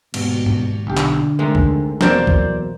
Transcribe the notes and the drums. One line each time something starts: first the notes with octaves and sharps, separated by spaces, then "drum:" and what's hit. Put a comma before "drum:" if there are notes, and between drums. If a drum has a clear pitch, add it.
D#2 G#2 B2, drum: cymbal
drum: tom G2
B1 D3 G4
drum: clap
C3 D#3 G#3 A3 D#4
drum: kick
E2 B2 F#3 A#3 C4 A#4 C5 D5, drum: snare
drum: kick